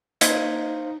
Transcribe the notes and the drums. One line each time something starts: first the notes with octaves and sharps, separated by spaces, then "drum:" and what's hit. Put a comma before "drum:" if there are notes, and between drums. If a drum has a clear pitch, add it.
A#3 D#4 C5 D#5 F5 G#6, drum: hi-hat